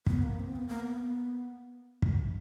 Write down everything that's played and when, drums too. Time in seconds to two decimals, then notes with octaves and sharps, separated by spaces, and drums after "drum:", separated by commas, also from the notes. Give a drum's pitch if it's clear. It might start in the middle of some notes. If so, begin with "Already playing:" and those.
0.06 B3, drum: kick
0.23 A#3
0.40 C4
0.56 B3
0.68 A#3
0.80 B3
2.02 drum: kick